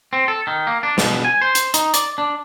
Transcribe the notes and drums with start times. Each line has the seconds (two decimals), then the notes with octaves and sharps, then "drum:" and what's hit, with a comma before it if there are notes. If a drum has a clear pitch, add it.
0.13 C4
0.28 A4
0.47 D#3
0.67 A#3
0.83 D4
0.98 B2, drum: snare
1.25 G#5
1.41 C5
1.55 drum: hi-hat
1.74 D#4, drum: hi-hat
1.94 D5, drum: hi-hat
2.18 D4